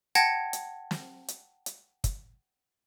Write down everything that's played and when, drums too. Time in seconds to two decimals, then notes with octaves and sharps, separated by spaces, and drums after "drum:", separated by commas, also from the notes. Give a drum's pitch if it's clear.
0.15 F#5 G5 A5 G#6 A#6, drum: hi-hat
0.53 drum: hi-hat
0.91 drum: snare
1.28 drum: hi-hat
1.66 drum: hi-hat
2.04 drum: kick, hi-hat